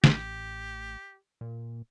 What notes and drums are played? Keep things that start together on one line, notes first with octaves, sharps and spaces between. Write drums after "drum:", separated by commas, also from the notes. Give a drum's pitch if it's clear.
A1 G4, drum: snare
A#2